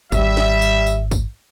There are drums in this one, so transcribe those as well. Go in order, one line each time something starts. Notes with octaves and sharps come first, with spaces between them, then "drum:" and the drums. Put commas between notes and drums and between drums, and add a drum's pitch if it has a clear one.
G#1 G3 E5, drum: kick, tambourine
drum: snare
drum: tambourine
drum: tambourine
drum: kick, tambourine